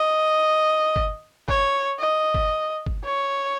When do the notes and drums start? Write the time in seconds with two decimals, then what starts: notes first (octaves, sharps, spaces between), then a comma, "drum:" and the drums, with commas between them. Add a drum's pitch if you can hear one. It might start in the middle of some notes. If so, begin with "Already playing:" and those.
Already playing: D#5
0.96 drum: kick G1
1.48 C#5, drum: kick G1
1.99 D#5
2.34 drum: kick G1
2.86 drum: kick G1
3.04 C#5